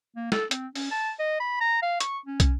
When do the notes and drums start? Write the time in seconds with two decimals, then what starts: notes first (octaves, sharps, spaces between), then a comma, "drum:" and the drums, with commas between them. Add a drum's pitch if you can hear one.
0.16 A#3
0.32 A4, drum: snare
0.51 C4, drum: hi-hat
0.75 C#4, drum: open hi-hat
0.91 A5
1.19 D#5
1.40 B5
1.61 A#5
1.82 F5
2.00 C#6, drum: hi-hat
2.26 C#4
2.40 drum: kick, hi-hat